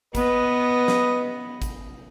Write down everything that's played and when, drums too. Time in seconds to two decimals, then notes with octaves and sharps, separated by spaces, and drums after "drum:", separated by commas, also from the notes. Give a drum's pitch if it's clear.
0.15 B3 B4 D#5, drum: kick G#1, hi-hat
0.88 drum: snare
1.62 drum: kick G#1, hi-hat